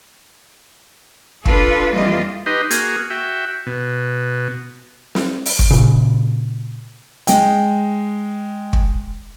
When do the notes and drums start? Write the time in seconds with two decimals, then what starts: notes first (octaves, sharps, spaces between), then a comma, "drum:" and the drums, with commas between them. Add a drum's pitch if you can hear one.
1.45 D4 F4 A4 B4, drum: kick
1.94 F2 E3 G3 A#3 F4 D#5
2.46 D#4 G4 B4 D#5 C6
2.71 A#3 F#4 G#4, drum: hi-hat
3.10 F#4 E5 G5
3.67 B2
5.15 drum: snare
5.46 drum: open hi-hat
5.59 drum: kick
5.71 A#2 C#3
7.27 G#3 G5, drum: hi-hat
8.73 drum: kick